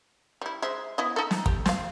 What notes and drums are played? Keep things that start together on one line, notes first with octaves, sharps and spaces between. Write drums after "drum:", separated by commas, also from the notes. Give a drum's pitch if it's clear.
G3 E4
G#3 C5 E5
B3 E4 D#5
D#4 A4
drum: snare
G4, drum: kick
C4 F5, drum: snare